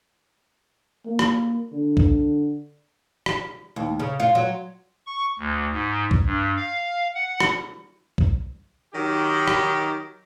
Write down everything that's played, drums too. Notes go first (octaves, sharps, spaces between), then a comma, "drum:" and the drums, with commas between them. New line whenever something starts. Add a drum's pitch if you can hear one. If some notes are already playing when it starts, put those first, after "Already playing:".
A#3
drum: rim click
D3
drum: kick B1
drum: rim click
D#2
C#3
F4
F#3
C#6
D2
G#2
drum: kick B1
G2
F5
F#5
drum: rim click
drum: kick B1
D#3 F#3 G4
drum: rim click